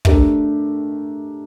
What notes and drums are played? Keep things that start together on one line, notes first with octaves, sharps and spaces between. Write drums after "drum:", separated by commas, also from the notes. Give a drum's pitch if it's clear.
A3 D4 G4 A#4 E5, drum: kick